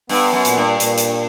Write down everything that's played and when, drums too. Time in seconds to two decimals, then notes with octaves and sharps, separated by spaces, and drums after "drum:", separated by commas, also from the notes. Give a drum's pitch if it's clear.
0.09 G2 B3, drum: open hi-hat
0.33 F#2
0.45 A#2, drum: hi-hat
0.57 G2
0.80 A#2, drum: hi-hat
0.98 drum: hi-hat